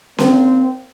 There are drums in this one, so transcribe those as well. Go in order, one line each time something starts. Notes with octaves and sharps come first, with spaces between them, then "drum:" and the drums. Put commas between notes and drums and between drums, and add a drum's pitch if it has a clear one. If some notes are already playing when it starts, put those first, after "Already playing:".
D#3 A#3 C4, drum: snare C#4